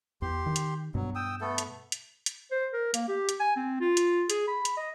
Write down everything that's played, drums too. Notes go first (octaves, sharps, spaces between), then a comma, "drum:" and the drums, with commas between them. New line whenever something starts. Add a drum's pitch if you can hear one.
E2 G4 C6
D#3
drum: hi-hat
G2 B2 F#3
G5 D#6 E6
A3 B3 A4
drum: hi-hat
drum: hi-hat
drum: hi-hat
C5
A#4
A#3, drum: hi-hat
G4
drum: hi-hat
G#5
C4
F4
drum: hi-hat
G#4, drum: hi-hat
B5
drum: hi-hat
D#5